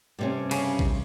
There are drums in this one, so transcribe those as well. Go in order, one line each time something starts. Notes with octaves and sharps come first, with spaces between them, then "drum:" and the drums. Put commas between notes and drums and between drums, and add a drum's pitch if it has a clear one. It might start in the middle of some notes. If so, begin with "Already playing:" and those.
G2 C3 C#4
C#3, drum: cymbal
drum: kick